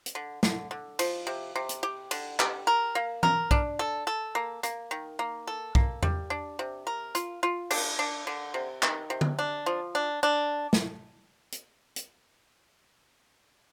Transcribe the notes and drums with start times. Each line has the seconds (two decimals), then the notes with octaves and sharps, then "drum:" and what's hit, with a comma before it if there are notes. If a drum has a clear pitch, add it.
0.06 drum: hi-hat
0.15 D3
0.43 D3, drum: snare
0.71 D3
0.99 F3, drum: cymbal
1.27 C3
1.56 C3
1.69 drum: hi-hat
1.83 G4
2.11 D3, drum: cymbal
2.40 G4, drum: clap
2.67 A#4
2.95 A#3
3.23 A#4, drum: tom E3
3.51 D4, drum: kick B1
3.79 A4
4.07 A4
4.35 A#3
4.63 A#3, drum: hi-hat
4.91 D#3
5.19 A#3
5.47 A4
5.75 A#3, drum: kick B1
6.03 G3, drum: tom E2
6.30 D4
6.59 C3
6.87 A#4
7.15 F4, drum: hi-hat
7.43 F4
7.71 D4, drum: cymbal
7.99 D4
8.27 D3
8.54 C3
8.83 D#3, drum: clap
9.10 C3
9.21 drum: tom D3
9.39 D4
9.66 F3
9.95 D4
10.23 D4
10.73 drum: snare
11.52 drum: hi-hat
11.96 drum: hi-hat